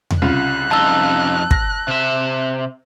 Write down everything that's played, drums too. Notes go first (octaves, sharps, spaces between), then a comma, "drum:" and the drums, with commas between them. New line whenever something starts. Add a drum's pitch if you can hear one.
drum: tom E2
C2 C#3 F4 F#6
F2 D#4 A5 E6
A#6, drum: kick
C3 E5